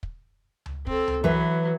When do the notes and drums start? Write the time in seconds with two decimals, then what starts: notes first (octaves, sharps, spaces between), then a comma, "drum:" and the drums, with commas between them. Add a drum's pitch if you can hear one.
0.03 drum: kick
0.66 drum: tom C#2
0.87 C4 A4, drum: kick
1.08 drum: tom C#2
1.24 E3 F#3 B4